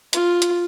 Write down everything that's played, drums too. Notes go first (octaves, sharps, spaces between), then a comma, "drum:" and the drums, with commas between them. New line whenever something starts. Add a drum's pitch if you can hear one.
F4, drum: hi-hat
drum: hi-hat